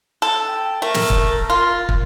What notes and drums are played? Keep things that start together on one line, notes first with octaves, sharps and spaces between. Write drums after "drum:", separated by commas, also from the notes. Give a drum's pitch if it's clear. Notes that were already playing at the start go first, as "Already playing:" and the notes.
A4
G5
A3 A#4
drum: snare
drum: kick
F4
drum: kick